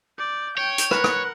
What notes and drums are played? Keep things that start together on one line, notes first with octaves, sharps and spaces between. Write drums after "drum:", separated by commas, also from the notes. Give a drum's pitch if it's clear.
D5 G6
C#5 G5
drum: hi-hat
A#4 B4 F#5 F#6, drum: rim click
drum: rim click